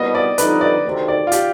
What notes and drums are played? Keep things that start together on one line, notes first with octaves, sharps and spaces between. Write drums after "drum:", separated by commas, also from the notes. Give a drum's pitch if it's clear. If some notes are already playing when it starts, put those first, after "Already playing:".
Already playing: C2 B2 G3 B3 D#5
D5
F2 D3 G3 B3 D#4 B4, drum: hi-hat
D5
D2 C3 D#3
D5
F4
G4, drum: hi-hat